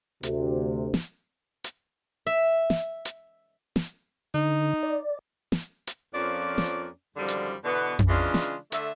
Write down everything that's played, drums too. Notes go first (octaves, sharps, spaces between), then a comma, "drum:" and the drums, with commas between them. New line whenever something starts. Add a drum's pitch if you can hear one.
D2 C3, drum: hi-hat
drum: snare
drum: hi-hat
E5
drum: snare
drum: hi-hat
drum: snare
D3 D#4
D5
drum: snare
drum: hi-hat
F2 F3 A#3 C#4 D5
drum: snare
F#2 D3 D#3 F3 G3
drum: hi-hat
B2 D3 E3 B3
drum: tom F2
C#3 E3 G#3 D4 F4
drum: snare
D3 A3 E5, drum: hi-hat